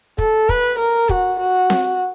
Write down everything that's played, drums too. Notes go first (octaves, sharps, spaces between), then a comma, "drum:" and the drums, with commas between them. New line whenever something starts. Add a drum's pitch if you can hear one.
A4, drum: kick
B4, drum: kick
A#4
F#4, drum: kick
F#4
drum: snare C4